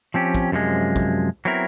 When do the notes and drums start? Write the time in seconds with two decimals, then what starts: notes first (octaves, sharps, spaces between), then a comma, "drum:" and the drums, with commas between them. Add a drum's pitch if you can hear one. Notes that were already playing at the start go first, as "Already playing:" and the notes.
0.14 F3 C4 C#4 G4
0.35 drum: kick
0.52 F#2 C3 F3 G#3
0.96 drum: kick
1.45 F#3 B3 C4 E4 A#4